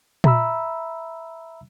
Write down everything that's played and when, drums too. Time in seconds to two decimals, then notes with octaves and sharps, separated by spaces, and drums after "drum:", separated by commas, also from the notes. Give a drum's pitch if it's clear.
0.24 E5 A#5 B5 E6, drum: tom A#2